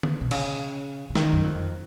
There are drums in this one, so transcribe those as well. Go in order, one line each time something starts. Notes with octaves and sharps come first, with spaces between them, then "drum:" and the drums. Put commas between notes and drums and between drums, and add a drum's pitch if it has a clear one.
drum: tom D3
B2
C#3, drum: cymbal
C#3
D#3, drum: snare
F#2
F2